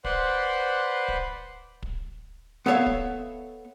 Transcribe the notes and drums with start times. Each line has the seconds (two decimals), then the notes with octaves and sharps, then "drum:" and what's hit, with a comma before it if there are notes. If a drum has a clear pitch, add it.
0.04 B4 C5 D5 F#5 B5 C6, drum: kick
1.08 drum: kick
1.83 drum: kick
2.66 B3 A4 C#5 E5 F5
2.86 drum: kick